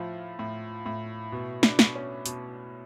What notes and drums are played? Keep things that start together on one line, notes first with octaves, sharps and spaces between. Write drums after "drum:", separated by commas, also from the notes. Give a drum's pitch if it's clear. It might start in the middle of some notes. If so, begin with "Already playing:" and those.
Already playing: A2 F3 F4
A2
A2
B2
D4, drum: snare
B2, drum: snare
C#4
B2, drum: hi-hat